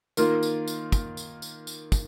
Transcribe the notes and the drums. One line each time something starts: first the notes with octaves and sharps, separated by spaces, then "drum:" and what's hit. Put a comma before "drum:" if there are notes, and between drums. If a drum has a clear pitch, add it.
D#3 A#3 F4, drum: tambourine
drum: tambourine
drum: tambourine
drum: kick, tambourine
drum: tambourine
drum: tambourine
drum: tambourine
drum: kick, tambourine